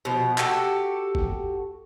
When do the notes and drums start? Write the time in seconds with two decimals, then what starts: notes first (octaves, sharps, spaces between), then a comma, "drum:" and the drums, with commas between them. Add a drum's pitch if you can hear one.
0.05 B2 F3
0.38 F#4 G4 A4, drum: clap
1.15 drum: kick G1